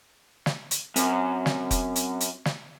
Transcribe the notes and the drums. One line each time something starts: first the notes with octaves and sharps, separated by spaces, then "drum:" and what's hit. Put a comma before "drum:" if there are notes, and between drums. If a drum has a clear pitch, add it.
drum: snare
drum: hi-hat
F#2 C4, drum: hi-hat
drum: snare
drum: kick F1, hi-hat
drum: hi-hat
drum: hi-hat
drum: snare